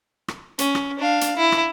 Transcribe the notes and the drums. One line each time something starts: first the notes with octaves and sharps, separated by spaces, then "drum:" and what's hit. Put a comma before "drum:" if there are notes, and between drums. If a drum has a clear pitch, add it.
drum: rim click
C#4, drum: hi-hat
drum: rim click
D4 F5
drum: hi-hat
E4
drum: rim click